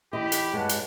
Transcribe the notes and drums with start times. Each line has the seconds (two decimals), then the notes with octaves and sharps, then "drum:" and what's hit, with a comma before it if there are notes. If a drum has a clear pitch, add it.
0.13 E2 G4 D#5 B5
0.32 drum: hi-hat
0.54 G2 G#3 C#5 F#5 A5
0.69 drum: hi-hat